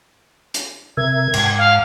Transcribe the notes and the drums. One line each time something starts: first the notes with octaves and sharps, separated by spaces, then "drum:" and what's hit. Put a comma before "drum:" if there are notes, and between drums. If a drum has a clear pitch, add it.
drum: hi-hat
C3 A#4 E5 G#6
G#2, drum: cymbal
F5